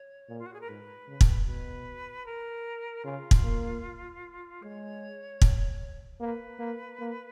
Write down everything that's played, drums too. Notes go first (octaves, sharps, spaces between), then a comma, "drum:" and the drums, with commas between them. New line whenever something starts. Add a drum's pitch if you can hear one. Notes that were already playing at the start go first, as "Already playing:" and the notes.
Already playing: C#5
A#2
F4
F#4
G#4
A#4
G#2 B4
C#3
drum: kick
B2 B4
A#4
C#3 F4
drum: kick
A#3
G#3 C#5
drum: kick
A#3 B4
A#3
A#3